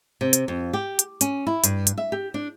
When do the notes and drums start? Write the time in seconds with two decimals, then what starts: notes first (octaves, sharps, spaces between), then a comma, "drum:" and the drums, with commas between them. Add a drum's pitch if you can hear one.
0.21 C3
0.33 drum: hi-hat
0.48 F2
0.73 G4
0.99 drum: hi-hat
1.21 C#4, drum: hi-hat
1.47 E4
1.64 G2, drum: hi-hat
1.87 drum: hi-hat
1.98 E5
2.12 G4
2.34 D4